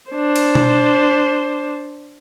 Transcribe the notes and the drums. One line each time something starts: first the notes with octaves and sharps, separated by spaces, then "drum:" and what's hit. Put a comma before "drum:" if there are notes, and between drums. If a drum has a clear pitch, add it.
D4 C5
drum: cymbal
drum: tom B2